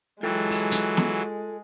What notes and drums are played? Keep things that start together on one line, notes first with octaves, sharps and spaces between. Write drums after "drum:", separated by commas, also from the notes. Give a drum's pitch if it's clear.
E3 F#3 G#3 F4 A4 G5
drum: open hi-hat
drum: hi-hat
drum: snare